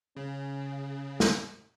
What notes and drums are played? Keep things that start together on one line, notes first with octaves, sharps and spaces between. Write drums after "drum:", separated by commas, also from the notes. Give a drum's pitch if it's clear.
C#3 C#4
drum: snare